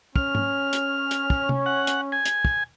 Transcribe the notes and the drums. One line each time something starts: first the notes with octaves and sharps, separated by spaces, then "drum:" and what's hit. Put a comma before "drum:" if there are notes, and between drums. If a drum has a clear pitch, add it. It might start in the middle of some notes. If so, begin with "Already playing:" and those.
C#4 F6, drum: kick
drum: tom G#2
drum: hi-hat
drum: hi-hat
drum: kick
drum: tom C3
F#5
drum: hi-hat
G#5
drum: hi-hat
drum: kick